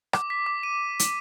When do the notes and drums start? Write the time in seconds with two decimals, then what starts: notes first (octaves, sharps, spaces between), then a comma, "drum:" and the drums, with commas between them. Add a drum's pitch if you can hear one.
0.13 D6, drum: rim click
0.30 B6
0.46 D6
0.63 D#7
0.99 drum: hi-hat